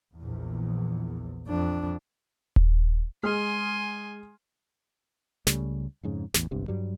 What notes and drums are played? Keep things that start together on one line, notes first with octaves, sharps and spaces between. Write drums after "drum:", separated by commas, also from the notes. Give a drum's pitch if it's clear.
A#1 E2
F2 D4
drum: kick D#1
G#3 G#4 G#5 C6 F6
C#2 C#3 G3 A3, drum: snare
F2 G#2 C#3
A1 E2, drum: snare
F#1 B1 G2 C3
G2 F#3 G3